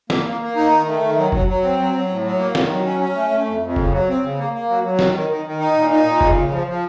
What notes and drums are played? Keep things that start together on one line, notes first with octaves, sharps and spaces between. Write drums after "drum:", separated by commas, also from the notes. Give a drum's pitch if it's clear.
A#3, drum: snare
A#3
A#3
D#4
D#3
A3
D#3
F#3
F#3, drum: kick
F#3
C4
F#3
F#3
A2
F#3
A#3
D#3, drum: snare
F#3
C#4
C#4
A3
A3
F2
F2
C#3, drum: kick
F#3
C4
C#3
A#3
A#3
F#3
F#3
D#3, drum: snare
D#3
D#3
D#3
D#4
A#2
D#4
A#2
C#3, drum: kick
C#3
F3
F3